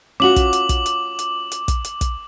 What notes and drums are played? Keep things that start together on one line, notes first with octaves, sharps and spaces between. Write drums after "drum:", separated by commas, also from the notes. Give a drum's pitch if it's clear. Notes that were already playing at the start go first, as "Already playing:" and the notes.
C#4 F4 F#4 D6 F#7
drum: kick, hi-hat
drum: hi-hat
drum: kick, hi-hat
drum: hi-hat
drum: hi-hat
drum: hi-hat
drum: kick, hi-hat
drum: hi-hat
drum: kick, hi-hat